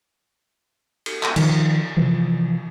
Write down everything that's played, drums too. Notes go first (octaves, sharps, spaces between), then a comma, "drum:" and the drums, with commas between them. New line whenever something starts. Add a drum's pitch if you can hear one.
drum: cymbal
drum: clap
D#3 F3, drum: cymbal
C3 E3 F3